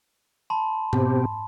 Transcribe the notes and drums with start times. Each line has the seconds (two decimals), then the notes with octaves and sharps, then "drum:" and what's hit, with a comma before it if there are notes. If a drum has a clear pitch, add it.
0.50 A5 B5 C6
0.93 B2 C4 G4, drum: tom G#2